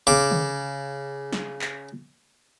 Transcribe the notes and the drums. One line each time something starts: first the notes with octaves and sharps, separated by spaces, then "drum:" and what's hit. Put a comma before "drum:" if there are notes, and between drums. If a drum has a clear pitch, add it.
C#3 D6
drum: tom D3
drum: snare
drum: clap